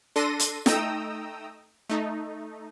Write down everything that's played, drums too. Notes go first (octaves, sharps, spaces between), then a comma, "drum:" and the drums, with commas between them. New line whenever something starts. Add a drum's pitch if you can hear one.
D4 A4 C6 A#6 D#7
drum: hi-hat
A3 D#4 G5 A#5 D#6 E6, drum: snare
A3 D#4